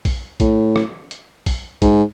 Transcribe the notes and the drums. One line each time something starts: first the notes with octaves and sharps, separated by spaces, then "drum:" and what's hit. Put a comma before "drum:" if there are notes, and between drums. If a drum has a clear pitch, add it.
drum: kick, open hi-hat
A2, drum: kick, hi-hat
drum: rim click
drum: hi-hat
drum: kick, open hi-hat
G#2, drum: kick, hi-hat